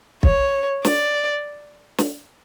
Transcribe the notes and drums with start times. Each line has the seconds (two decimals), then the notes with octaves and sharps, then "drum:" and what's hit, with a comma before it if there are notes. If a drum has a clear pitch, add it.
0.23 C#5, drum: kick
0.85 D5, drum: snare
1.98 drum: snare